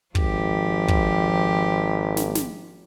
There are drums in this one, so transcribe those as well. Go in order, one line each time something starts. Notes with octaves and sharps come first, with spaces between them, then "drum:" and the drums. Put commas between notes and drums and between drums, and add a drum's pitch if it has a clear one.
G#1 F3 G4, drum: kick
drum: kick
drum: snare
drum: snare